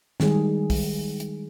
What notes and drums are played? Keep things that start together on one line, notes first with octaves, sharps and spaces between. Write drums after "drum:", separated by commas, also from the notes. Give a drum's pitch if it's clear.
D#3 G3 G#3 G#4, drum: snare
drum: kick, open hi-hat
drum: hi-hat